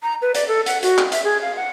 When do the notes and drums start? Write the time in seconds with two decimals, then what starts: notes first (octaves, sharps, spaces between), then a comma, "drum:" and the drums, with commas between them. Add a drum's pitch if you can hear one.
0.03 A#5
0.22 B4
0.34 D5, drum: hi-hat
0.48 A4
0.66 F#5, drum: hi-hat
0.83 F#4, drum: hi-hat
0.98 drum: clap
1.12 E5, drum: hi-hat
1.24 G#4
1.42 F5
1.56 F#5